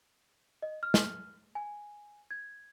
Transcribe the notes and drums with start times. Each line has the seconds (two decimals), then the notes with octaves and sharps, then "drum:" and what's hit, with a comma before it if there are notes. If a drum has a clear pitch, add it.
0.62 D#5
0.83 F6
0.94 drum: snare
1.55 G#5
2.31 G#6